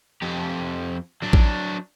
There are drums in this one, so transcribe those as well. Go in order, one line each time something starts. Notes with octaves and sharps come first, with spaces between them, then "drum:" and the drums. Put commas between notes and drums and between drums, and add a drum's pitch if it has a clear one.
F2 G4
F#3 D4
drum: kick A1